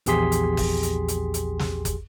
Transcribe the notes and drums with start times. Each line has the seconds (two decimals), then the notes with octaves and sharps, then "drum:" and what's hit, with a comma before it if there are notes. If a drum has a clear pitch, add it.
0.06 A#1 E2 G4 G#4 C6 B6, drum: hi-hat
0.32 drum: hi-hat
0.57 drum: kick F#1, open hi-hat
0.83 drum: hi-hat
1.08 drum: hi-hat
1.34 drum: hi-hat
1.59 drum: snare
1.85 drum: kick F#1, hi-hat